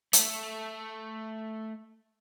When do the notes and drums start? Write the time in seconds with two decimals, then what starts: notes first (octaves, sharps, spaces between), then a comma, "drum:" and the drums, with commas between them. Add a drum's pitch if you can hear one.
0.13 A3 A4, drum: hi-hat